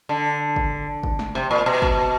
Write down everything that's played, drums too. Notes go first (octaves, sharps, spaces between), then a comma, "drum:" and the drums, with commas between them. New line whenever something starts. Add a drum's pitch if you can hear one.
D3
drum: kick
drum: kick
drum: snare
C3, drum: snare
A#2
B2
drum: kick